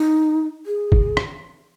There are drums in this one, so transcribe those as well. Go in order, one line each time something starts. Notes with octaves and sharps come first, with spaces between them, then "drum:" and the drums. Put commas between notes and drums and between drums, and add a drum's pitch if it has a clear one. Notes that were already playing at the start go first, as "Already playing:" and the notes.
Already playing: D#4
G#4
drum: kick
drum: rim click